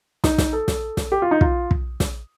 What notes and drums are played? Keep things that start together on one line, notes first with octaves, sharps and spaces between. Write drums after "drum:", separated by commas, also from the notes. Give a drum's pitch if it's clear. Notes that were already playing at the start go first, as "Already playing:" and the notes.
D#4, drum: snare
drum: snare
A4
drum: snare
drum: snare
G4
F4
D#4
F4, drum: kick
drum: kick
drum: snare